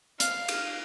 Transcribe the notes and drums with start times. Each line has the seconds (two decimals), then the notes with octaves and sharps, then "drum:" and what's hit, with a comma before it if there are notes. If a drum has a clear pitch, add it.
0.20 F5, drum: hi-hat
0.48 drum: cymbal